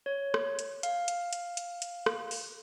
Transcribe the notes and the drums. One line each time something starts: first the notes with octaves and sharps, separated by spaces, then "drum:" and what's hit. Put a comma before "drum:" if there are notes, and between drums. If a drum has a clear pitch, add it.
C#5
drum: rim click
drum: hi-hat
F5, drum: hi-hat
drum: hi-hat
drum: hi-hat
drum: hi-hat
drum: hi-hat
drum: rim click
drum: open hi-hat